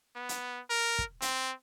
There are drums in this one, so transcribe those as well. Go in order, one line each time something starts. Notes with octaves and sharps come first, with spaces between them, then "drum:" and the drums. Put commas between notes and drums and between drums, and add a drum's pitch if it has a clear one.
B3
drum: hi-hat
A#4
drum: kick
C4, drum: hi-hat